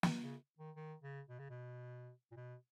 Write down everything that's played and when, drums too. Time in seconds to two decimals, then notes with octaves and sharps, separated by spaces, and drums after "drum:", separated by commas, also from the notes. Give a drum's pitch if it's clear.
0.03 drum: snare
0.23 C#3
0.58 D#3
0.76 D#3
1.02 C#3
1.29 B2
1.39 C#3
1.50 B2
2.32 A#2
2.36 B2